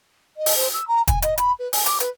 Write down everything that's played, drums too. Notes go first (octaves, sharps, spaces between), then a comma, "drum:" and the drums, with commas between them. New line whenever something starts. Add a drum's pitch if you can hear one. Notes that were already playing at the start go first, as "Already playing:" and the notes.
D#5
drum: open hi-hat
C5
E6
A#5
G#5, drum: kick, hi-hat
D#5, drum: hi-hat
B5, drum: hi-hat
B4
G#5, drum: open hi-hat
D6, drum: hi-hat
B4, drum: hi-hat